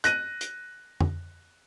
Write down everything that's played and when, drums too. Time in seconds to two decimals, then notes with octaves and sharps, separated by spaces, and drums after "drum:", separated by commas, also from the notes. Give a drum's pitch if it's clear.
0.04 F#6 A#6 D#7, drum: hi-hat
0.41 drum: hi-hat
1.01 drum: tom F2